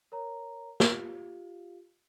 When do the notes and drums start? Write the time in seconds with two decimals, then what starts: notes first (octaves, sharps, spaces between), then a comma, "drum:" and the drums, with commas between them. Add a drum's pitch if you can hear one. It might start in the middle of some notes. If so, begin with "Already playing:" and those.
0.12 A#4 C#5 A#5
0.80 F4 G4 F5, drum: snare